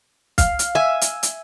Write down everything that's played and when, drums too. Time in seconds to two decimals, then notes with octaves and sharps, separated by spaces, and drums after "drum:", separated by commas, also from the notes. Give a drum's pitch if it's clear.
0.38 F5, drum: kick, hi-hat
0.59 drum: hi-hat
0.75 E5 G#5
1.01 drum: hi-hat
1.23 drum: hi-hat